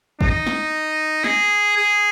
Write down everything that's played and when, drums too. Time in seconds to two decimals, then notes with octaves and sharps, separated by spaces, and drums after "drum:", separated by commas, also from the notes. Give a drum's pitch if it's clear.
0.21 D#4, drum: kick G#1
0.47 drum: snare
1.24 G#4, drum: snare
1.76 G#4